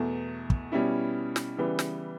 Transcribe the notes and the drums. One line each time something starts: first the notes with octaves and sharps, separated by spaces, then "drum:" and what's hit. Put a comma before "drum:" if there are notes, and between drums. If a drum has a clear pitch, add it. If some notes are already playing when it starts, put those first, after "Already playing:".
Already playing: E2 B2 A3
drum: kick
B2 G3 C#4 E4
drum: snare
C#3 E3 G3 B3
drum: snare